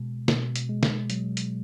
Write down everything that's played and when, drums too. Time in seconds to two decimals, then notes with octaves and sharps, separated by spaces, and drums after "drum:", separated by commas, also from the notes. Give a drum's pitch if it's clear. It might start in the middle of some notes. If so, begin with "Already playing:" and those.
Already playing: B2 G#3
0.28 B2, drum: snare
0.56 drum: hi-hat
0.69 G#3
0.83 drum: snare
1.10 F#3, drum: hi-hat
1.37 drum: hi-hat